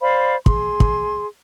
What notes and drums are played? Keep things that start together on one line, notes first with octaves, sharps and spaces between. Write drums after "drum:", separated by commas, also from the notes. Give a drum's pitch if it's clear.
C5 D5 F5 B5
G#4 C6, drum: kick
drum: kick